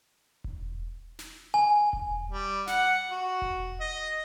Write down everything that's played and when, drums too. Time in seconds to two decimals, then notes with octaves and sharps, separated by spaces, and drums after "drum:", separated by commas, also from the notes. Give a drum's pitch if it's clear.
0.44 drum: kick E1
1.19 drum: snare
1.54 G#5
1.93 drum: kick E1
2.30 G3
2.67 F#5, drum: snare
3.11 F#4
3.42 drum: kick E1
3.81 D#5